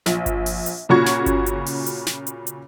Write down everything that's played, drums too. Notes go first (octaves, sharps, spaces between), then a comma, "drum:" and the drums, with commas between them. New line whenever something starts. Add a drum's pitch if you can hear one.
A#1, drum: snare
drum: kick G1, hi-hat
drum: open hi-hat
drum: hi-hat
A#2 C#3 F#4 C#6 G#6
drum: snare
drum: kick G1, hi-hat
drum: hi-hat
drum: open hi-hat
drum: hi-hat
drum: snare
drum: hi-hat
drum: hi-hat